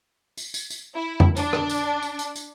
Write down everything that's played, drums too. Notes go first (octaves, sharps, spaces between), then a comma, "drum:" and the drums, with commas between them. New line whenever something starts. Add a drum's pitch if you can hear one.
drum: tambourine
drum: tambourine
drum: tambourine
E4
drum: tom F2
D4, drum: tambourine
drum: rim click
drum: tambourine
drum: tambourine
drum: tambourine
drum: tambourine